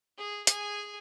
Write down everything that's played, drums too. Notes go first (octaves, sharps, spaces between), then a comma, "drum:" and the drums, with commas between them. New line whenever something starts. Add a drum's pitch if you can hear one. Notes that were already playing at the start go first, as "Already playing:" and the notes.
G#4
G#4 G#5, drum: hi-hat